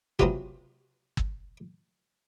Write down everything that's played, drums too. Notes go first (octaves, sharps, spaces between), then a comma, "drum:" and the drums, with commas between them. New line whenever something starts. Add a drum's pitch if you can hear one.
C3 F#3 B3 C#4 F4 G4, drum: kick G1
drum: kick G1